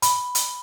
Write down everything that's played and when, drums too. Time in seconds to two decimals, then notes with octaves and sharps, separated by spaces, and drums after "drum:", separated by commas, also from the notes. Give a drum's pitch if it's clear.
0.02 B5, drum: hi-hat
0.35 drum: hi-hat